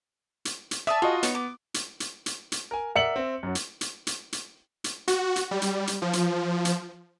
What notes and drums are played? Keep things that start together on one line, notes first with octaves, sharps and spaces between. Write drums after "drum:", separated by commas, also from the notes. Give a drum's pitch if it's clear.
drum: hi-hat
drum: hi-hat
D5 E5 A5 D#6
F4 F#4 G#4 D#5
B3 D#4 C#5 C#6, drum: hi-hat
D6
drum: hi-hat
drum: hi-hat
drum: hi-hat
drum: hi-hat
A#4 G#5
A#4 D5 E5 F#5 C#7 F#7
C4
F#2 F#3
drum: hi-hat
drum: hi-hat
drum: hi-hat
drum: hi-hat
drum: hi-hat
F#4, drum: hi-hat
drum: hi-hat
G3
drum: hi-hat
drum: hi-hat
F3
drum: hi-hat
drum: hi-hat